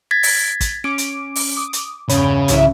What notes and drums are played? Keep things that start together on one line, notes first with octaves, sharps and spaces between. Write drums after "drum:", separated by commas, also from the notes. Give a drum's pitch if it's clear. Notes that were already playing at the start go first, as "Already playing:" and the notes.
G#6 A6 B6
drum: open hi-hat
drum: kick, hi-hat
C#4 D6 D7
drum: hi-hat
drum: open hi-hat
D6 D#6
drum: hi-hat
E2 G2 C#3 C#5 B5, drum: hi-hat
C2 G#2 E3 F#3 C#4 E4, drum: hi-hat